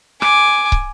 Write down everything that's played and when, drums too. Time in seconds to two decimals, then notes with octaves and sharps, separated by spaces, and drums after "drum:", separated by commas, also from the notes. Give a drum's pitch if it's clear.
0.22 G#5 D6, drum: rim click
0.72 drum: kick